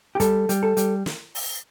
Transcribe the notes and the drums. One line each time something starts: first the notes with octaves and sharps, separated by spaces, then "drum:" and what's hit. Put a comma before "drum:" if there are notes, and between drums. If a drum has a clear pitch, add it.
G4
G3 A4, drum: kick, hi-hat
G3, drum: hi-hat
A4
G3, drum: hi-hat
drum: snare
drum: open hi-hat